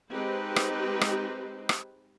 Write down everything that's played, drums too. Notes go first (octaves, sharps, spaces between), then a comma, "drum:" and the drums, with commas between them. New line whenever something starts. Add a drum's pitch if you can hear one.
G#3 C4 D#4 G4 B4 C5
drum: rim click
drum: rim click
drum: rim click